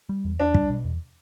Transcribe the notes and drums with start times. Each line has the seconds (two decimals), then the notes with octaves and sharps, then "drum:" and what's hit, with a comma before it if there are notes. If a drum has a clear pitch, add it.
0.09 G3
0.25 E2
0.40 E2 D4
0.54 G3, drum: kick
0.70 B2
0.85 E2